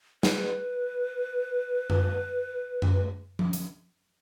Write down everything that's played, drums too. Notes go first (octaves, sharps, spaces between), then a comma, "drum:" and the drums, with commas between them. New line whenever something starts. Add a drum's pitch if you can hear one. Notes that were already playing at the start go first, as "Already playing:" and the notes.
B4, drum: snare
drum: tom F#2
drum: tom F#2
drum: tom F3
drum: hi-hat